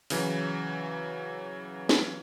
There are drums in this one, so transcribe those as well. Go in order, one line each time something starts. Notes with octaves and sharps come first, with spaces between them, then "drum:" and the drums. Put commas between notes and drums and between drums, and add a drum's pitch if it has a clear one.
C#3 E3 F#3, drum: open hi-hat
drum: snare